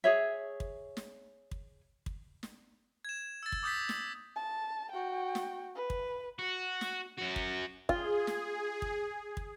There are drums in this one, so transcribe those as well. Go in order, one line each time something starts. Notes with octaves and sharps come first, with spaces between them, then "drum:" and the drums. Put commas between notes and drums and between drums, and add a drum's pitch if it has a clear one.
G#4 C#5 E5
drum: kick
drum: snare
drum: kick
drum: kick
drum: snare
G#6 E7
E6 A6
drum: kick
D6 D#6 G6 A6 B6
drum: snare
A5
F#4 G5
drum: snare
B4
drum: kick
F#4
drum: snare
F#2 F#4
drum: kick
F4 G#4, drum: kick
drum: snare
drum: kick
drum: kick